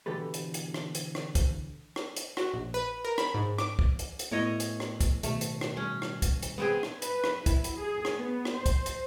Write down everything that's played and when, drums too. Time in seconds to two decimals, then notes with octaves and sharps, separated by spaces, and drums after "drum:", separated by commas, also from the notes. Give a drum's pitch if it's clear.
0.06 B2 D3 E3 G4 A4 B4
0.34 drum: hi-hat
0.54 drum: hi-hat
0.74 drum: rim click
0.95 drum: hi-hat
1.15 drum: rim click
1.35 drum: kick, hi-hat
1.96 drum: rim click
2.16 drum: hi-hat
2.37 F#4, drum: rim click
2.53 A#1
2.74 B4
3.05 A#4
3.18 B5, drum: rim click
3.34 G#2
3.58 D6, drum: rim click
3.79 drum: kick
3.99 drum: hi-hat
4.19 drum: hi-hat
4.31 A2 B3 C#5 D#5
4.60 drum: hi-hat
4.80 drum: rim click
5.00 drum: kick, hi-hat
5.23 B2 D#3 A3, drum: hi-hat
5.41 drum: hi-hat
5.61 drum: rim click
5.77 G3 C#4
6.02 drum: rim click
6.22 drum: kick, hi-hat
6.43 drum: hi-hat
6.58 B3 C4 G#4
6.83 drum: rim click
7.02 B4, drum: hi-hat
7.24 drum: rim click
7.46 E4, drum: kick, hi-hat
7.64 drum: hi-hat
7.79 G#4
8.05 drum: rim click
8.15 B3
8.45 drum: rim click
8.55 C5
8.66 drum: kick, hi-hat
8.86 drum: hi-hat